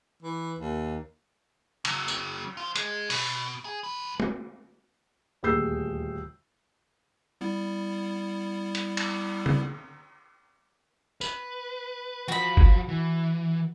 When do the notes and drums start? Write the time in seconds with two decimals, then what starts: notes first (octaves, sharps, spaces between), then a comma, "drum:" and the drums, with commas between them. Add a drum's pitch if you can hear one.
0.23 E3
0.59 D#2
1.85 C#3 F#3, drum: cymbal
2.08 drum: tambourine
2.57 F4 C5
2.76 G#3, drum: hi-hat
3.10 B2, drum: open hi-hat
3.65 G#4
3.84 F#2 B4
4.20 drum: tom
5.43 D#1 D2 G#4 E6 G6 C7
7.41 G3 B3 E4
8.75 drum: hi-hat
8.97 drum: cymbal
9.46 drum: tom C#3
11.21 B4, drum: tambourine
12.28 F3 F#4 B5
12.57 drum: kick G1
12.88 E3